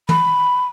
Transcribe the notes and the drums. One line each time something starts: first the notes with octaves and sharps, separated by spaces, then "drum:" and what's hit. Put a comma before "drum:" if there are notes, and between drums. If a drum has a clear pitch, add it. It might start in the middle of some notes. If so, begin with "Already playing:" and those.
B5, drum: tom